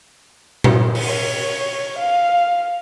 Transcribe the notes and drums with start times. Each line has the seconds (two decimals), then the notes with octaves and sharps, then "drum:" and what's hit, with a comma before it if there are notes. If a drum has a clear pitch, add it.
0.64 drum: tom A#2
0.95 drum: open hi-hat
1.06 C#5
1.98 F5